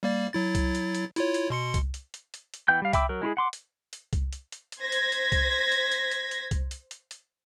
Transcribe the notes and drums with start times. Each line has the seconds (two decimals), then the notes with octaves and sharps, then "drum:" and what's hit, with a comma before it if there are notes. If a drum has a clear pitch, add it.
0.03 G3 A#3 D5
0.33 F#3 E4 A6
0.55 drum: kick C2, hi-hat
0.75 drum: hi-hat
0.95 drum: hi-hat
1.16 E4 F4 C#5, drum: hi-hat
1.34 drum: hi-hat
1.50 B2 C6 C#7
1.74 drum: kick C2, hi-hat
1.94 drum: hi-hat
2.14 drum: hi-hat
2.34 drum: hi-hat
2.54 drum: hi-hat
2.68 E3 B3 G5 G6
2.82 G3 F5
2.93 E5 G5 B5 D6 E6, drum: kick C2, hi-hat
3.09 F#3 A#4
3.22 G#3 E4 F4 G#4
3.37 F#5 C6 D6
3.53 drum: hi-hat
3.93 drum: hi-hat
4.13 drum: kick C2, hi-hat
4.33 drum: hi-hat
4.52 drum: hi-hat
4.72 drum: hi-hat
4.82 C5 G#6 A#6 B6
4.92 drum: hi-hat
5.12 drum: hi-hat
5.32 drum: kick C2, hi-hat
5.72 drum: hi-hat
5.92 drum: hi-hat
6.11 drum: hi-hat
6.31 drum: hi-hat
6.51 drum: kick C2, hi-hat
6.71 drum: hi-hat
6.91 drum: hi-hat
7.11 drum: hi-hat